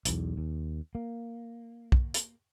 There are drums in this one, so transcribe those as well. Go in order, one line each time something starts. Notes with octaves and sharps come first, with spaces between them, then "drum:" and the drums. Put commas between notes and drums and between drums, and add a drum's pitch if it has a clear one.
B1 E2, drum: hi-hat
D#2
A#3
drum: kick
drum: hi-hat